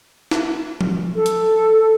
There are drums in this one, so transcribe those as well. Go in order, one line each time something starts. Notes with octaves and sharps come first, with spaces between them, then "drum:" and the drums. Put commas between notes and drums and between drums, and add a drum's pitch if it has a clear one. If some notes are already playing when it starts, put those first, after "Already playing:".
drum: snare
drum: tom F3
A4
drum: hi-hat